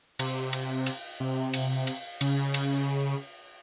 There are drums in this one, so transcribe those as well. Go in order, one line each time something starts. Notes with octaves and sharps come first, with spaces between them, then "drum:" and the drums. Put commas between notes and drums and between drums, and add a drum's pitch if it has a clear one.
C3, drum: cymbal
drum: cymbal
drum: cymbal
C3
drum: cymbal
drum: cymbal
C#3, drum: cymbal
drum: cymbal